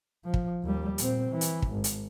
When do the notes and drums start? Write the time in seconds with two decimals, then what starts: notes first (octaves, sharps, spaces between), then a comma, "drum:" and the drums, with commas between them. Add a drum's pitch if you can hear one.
0.25 F3
0.34 drum: kick
0.63 D#2 G3
0.98 A#2 C4, drum: hi-hat
1.30 E3
1.41 drum: hi-hat
1.62 drum: kick
1.72 G#1
1.84 drum: hi-hat